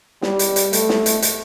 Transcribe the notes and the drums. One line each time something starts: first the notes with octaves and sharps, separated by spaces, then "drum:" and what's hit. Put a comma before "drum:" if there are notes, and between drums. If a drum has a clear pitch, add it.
G3, drum: snare
drum: hi-hat
drum: hi-hat
A3, drum: hi-hat
drum: snare
drum: hi-hat
drum: hi-hat